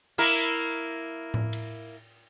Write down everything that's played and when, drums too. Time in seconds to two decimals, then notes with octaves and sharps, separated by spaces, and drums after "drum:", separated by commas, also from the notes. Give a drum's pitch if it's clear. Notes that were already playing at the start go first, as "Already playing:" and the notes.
0.18 A#3 E4 A#4, drum: hi-hat
1.34 drum: tom A2
1.53 drum: cymbal